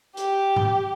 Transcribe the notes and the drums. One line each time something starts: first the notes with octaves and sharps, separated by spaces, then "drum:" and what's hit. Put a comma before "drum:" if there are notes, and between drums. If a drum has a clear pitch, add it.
G4, drum: hi-hat
drum: tom G2